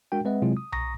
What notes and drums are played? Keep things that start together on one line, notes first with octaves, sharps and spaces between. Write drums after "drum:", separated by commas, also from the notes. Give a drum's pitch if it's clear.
G#3 D4 F#4 A#4 G5
G#3 C4 B4 D#5 E5 F#5
C3 F#3 G#3 C4 E4 F4
D#6
A#5 C#6 D#6 A#6, drum: tom B1